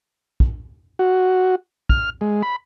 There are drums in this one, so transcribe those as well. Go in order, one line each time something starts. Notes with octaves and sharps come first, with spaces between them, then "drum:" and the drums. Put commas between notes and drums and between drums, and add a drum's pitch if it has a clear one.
drum: kick
F#4
F6, drum: kick
G#3
B5